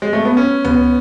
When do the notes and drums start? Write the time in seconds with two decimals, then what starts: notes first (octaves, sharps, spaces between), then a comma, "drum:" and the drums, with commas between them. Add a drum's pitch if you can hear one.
0.02 G#3
0.13 A3
0.25 B3
0.37 C#4
0.64 B3, drum: tom C#2